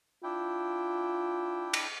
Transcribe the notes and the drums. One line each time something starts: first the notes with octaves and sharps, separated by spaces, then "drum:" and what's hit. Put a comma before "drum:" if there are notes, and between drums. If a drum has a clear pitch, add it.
D4 E4 F4 G5
drum: cymbal